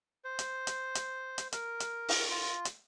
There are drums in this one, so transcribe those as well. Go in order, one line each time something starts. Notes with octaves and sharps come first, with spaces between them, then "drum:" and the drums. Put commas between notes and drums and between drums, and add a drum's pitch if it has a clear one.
C5
drum: hi-hat
drum: hi-hat
drum: hi-hat
drum: hi-hat
A#4, drum: hi-hat
drum: hi-hat
drum: open hi-hat
F4
drum: hi-hat